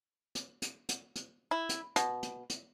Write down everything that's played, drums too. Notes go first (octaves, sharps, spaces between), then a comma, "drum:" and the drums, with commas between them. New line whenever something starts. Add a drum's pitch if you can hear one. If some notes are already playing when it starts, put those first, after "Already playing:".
drum: hi-hat
drum: hi-hat
drum: hi-hat
drum: hi-hat
E4
drum: hi-hat
B2, drum: hi-hat
drum: hi-hat
drum: hi-hat